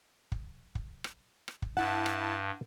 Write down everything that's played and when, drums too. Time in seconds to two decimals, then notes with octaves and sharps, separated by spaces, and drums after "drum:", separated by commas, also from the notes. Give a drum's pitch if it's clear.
0.32 drum: kick
0.75 drum: kick
1.04 drum: rim click
1.48 drum: rim click
1.62 drum: kick
1.77 G2 E4 F#5 A5
2.06 drum: rim click